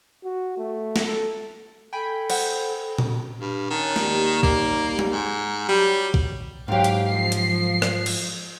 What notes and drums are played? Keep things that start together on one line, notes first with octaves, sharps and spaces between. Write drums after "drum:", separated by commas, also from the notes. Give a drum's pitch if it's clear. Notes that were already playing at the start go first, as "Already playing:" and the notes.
F#4
A3
drum: snare
A4
A4 G5 G#5 B5
C5 F#5, drum: cymbal
drum: tom
G2 F5
D#3 C#4 F#5 A5
D#2 G3, drum: snare
A#3, drum: kick B1
drum: tom
G#2
F#3 G3 G4
drum: kick B1
G#2 F#3 G4 F5
drum: hi-hat
F3 C7
drum: hi-hat
drum: rim click
drum: cymbal